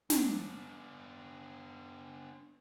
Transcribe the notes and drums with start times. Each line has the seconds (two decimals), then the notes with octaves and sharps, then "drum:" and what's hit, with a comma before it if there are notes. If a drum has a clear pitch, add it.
0.10 B3 D4, drum: snare